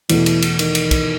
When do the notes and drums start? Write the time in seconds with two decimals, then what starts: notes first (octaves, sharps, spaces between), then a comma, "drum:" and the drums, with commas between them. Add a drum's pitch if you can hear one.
0.09 E2 B2 E3 A3, drum: cymbal
0.26 drum: cymbal
0.42 drum: cymbal
0.59 D#3, drum: cymbal
0.75 drum: cymbal
0.91 drum: kick, cymbal